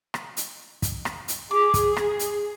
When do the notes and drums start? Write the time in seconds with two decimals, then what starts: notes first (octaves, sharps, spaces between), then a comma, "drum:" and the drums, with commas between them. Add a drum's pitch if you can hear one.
0.14 drum: rim click
0.37 drum: hi-hat
0.82 drum: kick, hi-hat
1.05 drum: rim click
1.28 drum: hi-hat
1.51 G#4 D6
1.74 drum: kick, hi-hat
1.97 drum: rim click
2.19 drum: hi-hat